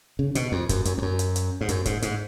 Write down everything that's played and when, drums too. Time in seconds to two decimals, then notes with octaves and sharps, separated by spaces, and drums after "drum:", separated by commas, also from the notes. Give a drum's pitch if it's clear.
0.19 C#3
0.35 B2, drum: hi-hat
0.52 F2
0.69 F#2, drum: kick, hi-hat
0.85 F#2, drum: hi-hat
0.98 F2
1.02 F#2
1.19 drum: hi-hat
1.36 drum: hi-hat
1.61 G#2
1.69 F#2, drum: hi-hat
1.85 G#2, drum: kick, hi-hat
2.02 G#2, drum: hi-hat